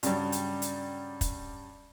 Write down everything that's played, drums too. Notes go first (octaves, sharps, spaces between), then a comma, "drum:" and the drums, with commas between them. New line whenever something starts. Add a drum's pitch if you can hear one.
G2 C#3 F#3 G3, drum: hi-hat
drum: hi-hat
drum: hi-hat
drum: kick, hi-hat